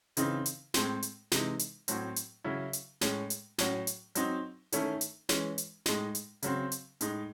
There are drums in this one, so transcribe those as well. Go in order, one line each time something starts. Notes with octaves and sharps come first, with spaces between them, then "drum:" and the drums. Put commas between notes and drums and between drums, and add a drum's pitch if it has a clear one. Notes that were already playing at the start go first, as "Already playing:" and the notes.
C#3 E3 C4 D#4, drum: hi-hat
drum: hi-hat
A2 G#3 C4, drum: snare
drum: hi-hat
C3 E3 G#3 D#4, drum: snare
drum: hi-hat
A2 F#3 C4, drum: hi-hat
drum: hi-hat
C#3 F#3 C#4 E4
drum: hi-hat
A2 G#3 C#4, drum: snare
drum: hi-hat
A2 F#3 C#4, drum: snare
drum: hi-hat
F#3 C4 D#4, drum: hi-hat
D#3 A3 C#4 E4, drum: hi-hat
drum: hi-hat
E3 G#3 C#4, drum: snare
drum: hi-hat
A2 G#3 D#4, drum: snare
drum: hi-hat
C#3 F#3 C4, drum: hi-hat
drum: hi-hat
A2 G#3 D#4, drum: hi-hat